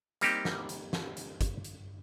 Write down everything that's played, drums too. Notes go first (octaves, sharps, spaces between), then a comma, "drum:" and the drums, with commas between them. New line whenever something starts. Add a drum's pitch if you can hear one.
G3 A#3 C4 D#4 G4, drum: hi-hat
drum: snare
drum: hi-hat
drum: snare
drum: hi-hat
drum: kick, hi-hat
drum: hi-hat